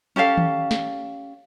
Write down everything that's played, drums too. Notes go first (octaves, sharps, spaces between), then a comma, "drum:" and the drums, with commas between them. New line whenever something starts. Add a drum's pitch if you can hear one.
C#4 G4 A4 F5
drum: tom D#3
drum: snare